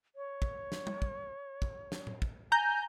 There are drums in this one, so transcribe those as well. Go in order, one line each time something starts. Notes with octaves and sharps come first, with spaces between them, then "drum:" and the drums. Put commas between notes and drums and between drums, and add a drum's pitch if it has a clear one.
C#5
drum: kick
drum: snare
drum: tom
drum: kick
drum: kick
drum: snare
drum: tom A2
drum: kick
G#5 A#5 G6